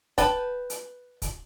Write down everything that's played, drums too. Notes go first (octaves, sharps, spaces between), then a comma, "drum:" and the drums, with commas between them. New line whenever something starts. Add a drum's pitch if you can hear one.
B4 G5 A5, drum: kick, hi-hat
drum: hi-hat
drum: kick, hi-hat